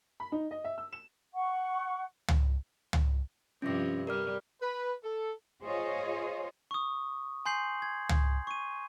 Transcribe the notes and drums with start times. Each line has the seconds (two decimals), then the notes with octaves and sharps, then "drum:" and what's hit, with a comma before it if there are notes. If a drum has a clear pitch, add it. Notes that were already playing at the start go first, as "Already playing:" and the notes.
0.20 B5
0.32 D#4
0.51 D#5
0.64 E5
0.78 E6
0.93 E7
1.34 F#5 C#6
2.28 drum: tom
2.93 drum: tom
3.62 G2 C3 F3 C#4 A#6
4.07 G3 A#4 D5 F6
4.62 B4
5.04 A4
5.63 F4 G#4 C5 C#5 D#5
6.71 C#6 D#6
7.45 G#5 C6 G6 C7 F#7
7.82 G#6
8.09 drum: tom
8.47 C#6 D#7